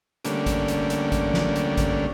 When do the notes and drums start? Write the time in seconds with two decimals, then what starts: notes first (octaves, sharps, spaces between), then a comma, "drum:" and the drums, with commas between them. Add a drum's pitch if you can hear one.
0.25 D3 G3 A3 A#3 C#4 D4, drum: hi-hat
0.46 drum: kick A1, hi-hat
0.68 drum: hi-hat
0.90 drum: hi-hat
1.12 drum: kick A1, hi-hat
1.34 drum: snare
1.56 drum: hi-hat
1.77 drum: kick A1, hi-hat